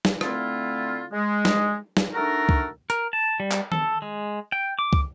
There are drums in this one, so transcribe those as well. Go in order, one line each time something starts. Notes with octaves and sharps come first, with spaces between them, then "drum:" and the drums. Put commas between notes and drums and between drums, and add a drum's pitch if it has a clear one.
drum: snare
D3 A3 C4 E4 F4, drum: rim click
G#3
drum: snare
drum: snare
A3 D4 D#4 F#4 A4 A#4
drum: kick
A#4, drum: hi-hat
A5
G3
drum: clap
A4, drum: tom D#3
G#3
G5
D6
drum: kick